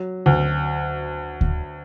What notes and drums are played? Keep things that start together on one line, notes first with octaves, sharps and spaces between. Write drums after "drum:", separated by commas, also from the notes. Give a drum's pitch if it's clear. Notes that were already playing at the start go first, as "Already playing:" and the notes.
Already playing: F#3
D2
drum: kick D2